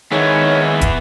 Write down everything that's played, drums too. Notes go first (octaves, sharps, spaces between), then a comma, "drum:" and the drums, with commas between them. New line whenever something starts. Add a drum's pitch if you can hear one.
D#3 B3 D#4 E4 G#4 C#5
drum: kick, hi-hat